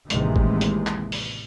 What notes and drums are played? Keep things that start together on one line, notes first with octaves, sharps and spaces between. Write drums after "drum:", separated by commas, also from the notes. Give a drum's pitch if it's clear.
A1 D#2 C3 E3 G#3, drum: hi-hat
drum: kick G1
drum: hi-hat
drum: clap
drum: open hi-hat